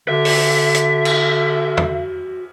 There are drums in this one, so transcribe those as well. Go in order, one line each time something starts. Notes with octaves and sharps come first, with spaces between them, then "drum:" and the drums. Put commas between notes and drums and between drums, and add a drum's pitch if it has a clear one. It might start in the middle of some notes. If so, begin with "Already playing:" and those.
D3 F#4 E5
drum: open hi-hat
drum: hi-hat
drum: cymbal
drum: tom